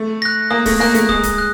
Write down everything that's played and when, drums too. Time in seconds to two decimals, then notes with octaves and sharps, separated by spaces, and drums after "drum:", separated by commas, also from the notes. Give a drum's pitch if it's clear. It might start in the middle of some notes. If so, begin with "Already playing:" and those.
Already playing: A3
0.22 F#6 A#6
0.51 A#3 D#6
0.66 A3, drum: kick, open hi-hat
0.79 A#3 F#6 A#6
0.94 A3, drum: hi-hat
1.09 G#3 D#6, drum: kick
1.23 drum: kick, hi-hat
1.38 F#6